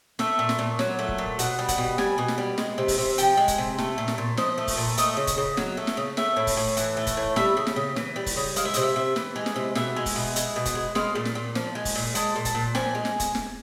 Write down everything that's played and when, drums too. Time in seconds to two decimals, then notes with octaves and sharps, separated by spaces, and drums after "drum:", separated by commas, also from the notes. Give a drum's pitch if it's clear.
0.19 A3 E5, drum: snare
0.39 A#2
0.49 drum: snare
0.59 A#2
0.79 F#3, drum: snare
0.99 A3
1.09 drum: kick
1.18 A#2
1.39 B2 F#5, drum: hi-hat
1.59 G3
1.69 F#5, drum: kick, hi-hat
1.78 B2
1.98 G3 G#5, drum: snare
2.18 B2
2.28 drum: snare
2.38 G3
2.58 G#3, drum: snare
2.78 C3
2.88 drum: kick, open hi-hat
2.98 C3
3.18 F3 G5, drum: hi-hat
3.37 G#3
3.48 drum: kick, hi-hat
3.58 C3
3.78 A3, drum: snare
3.98 A#2
4.08 drum: snare
4.18 A#2
4.37 F3 D#5, drum: snare
4.58 A3
4.68 drum: kick, open hi-hat
4.77 A#2
4.98 A3 D#5, drum: hi-hat
5.17 C#3
5.27 drum: kick, hi-hat
5.38 C#3
5.57 F#3, drum: snare
5.77 A3
5.87 drum: snare
5.97 C#3
6.17 A3 E5, drum: snare
6.37 A2
6.47 drum: kick, open hi-hat
6.57 A2
6.77 E3, drum: hi-hat
6.97 A3
7.07 drum: kick, hi-hat
7.17 A2
7.36 G3 E5, drum: snare
7.57 C#3
7.67 drum: snare
7.76 C#3
7.96 E3, drum: snare
8.16 G3
8.26 drum: kick, open hi-hat
8.36 C#3
8.56 G#3 F5, drum: hi-hat
8.65 E5
8.74 C3 D#5, drum: hi-hat
8.83 E5
8.96 C3
9.16 E3, drum: snare
9.36 G#3
9.46 drum: snare
9.56 C3
9.75 B2 E5, drum: snare
9.96 G#3
10.06 drum: kick, open hi-hat
10.16 B2
10.36 G#3, drum: hi-hat
10.56 B2
10.66 drum: kick, hi-hat
10.75 G#3
10.95 G#3 F5, drum: snare
11.15 A#2
11.25 drum: snare
11.35 A#2
11.55 F3, drum: snare
11.75 G#3
11.85 drum: kick, open hi-hat
11.95 A#2
12.15 G#3 A5, drum: hi-hat
12.36 A#2
12.45 A5, drum: kick, hi-hat
12.55 A#2
12.75 F3 G#5, drum: snare
12.95 G#3
13.05 drum: snare
13.20 drum: kick, hi-hat
13.35 drum: snare